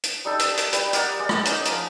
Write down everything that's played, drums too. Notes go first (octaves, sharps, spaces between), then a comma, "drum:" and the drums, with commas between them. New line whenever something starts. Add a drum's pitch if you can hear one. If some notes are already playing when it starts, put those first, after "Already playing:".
drum: hi-hat
G3 D#4 A4
drum: hi-hat
drum: hi-hat
G3, drum: hi-hat
G4 A#4 D5 F#5, drum: hi-hat
G#3 D5
drum: rim click
C#4 D#4, drum: hi-hat
F3 A#5, drum: hi-hat